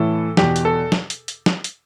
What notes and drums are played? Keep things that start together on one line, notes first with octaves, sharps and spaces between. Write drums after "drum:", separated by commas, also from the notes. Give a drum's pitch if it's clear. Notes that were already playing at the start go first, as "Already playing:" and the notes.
Already playing: A2 E3 A4
E2 B2 G4, drum: snare
drum: hi-hat
A4
drum: snare
drum: hi-hat
drum: hi-hat
drum: snare
drum: hi-hat